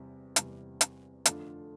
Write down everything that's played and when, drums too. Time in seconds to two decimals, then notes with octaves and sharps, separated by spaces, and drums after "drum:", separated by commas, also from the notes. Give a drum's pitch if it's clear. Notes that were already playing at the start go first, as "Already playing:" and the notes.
Already playing: E2 C3 G3
0.36 E2 C3 G3, drum: hi-hat
0.81 drum: hi-hat
1.25 F2 D3 A3 D4 F4, drum: hi-hat